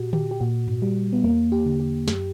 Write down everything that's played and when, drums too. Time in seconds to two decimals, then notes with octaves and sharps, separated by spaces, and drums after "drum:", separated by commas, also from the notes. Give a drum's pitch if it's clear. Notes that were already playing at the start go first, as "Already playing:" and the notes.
Already playing: A#2 F#4 G4
0.13 G4, drum: tom D3
0.31 G4
0.40 A#2 F#4
0.68 drum: tom G2
0.82 G3
1.13 B3
1.24 E2 A#3
1.52 G4
1.66 D3
1.80 G4
2.08 F#2 G4, drum: snare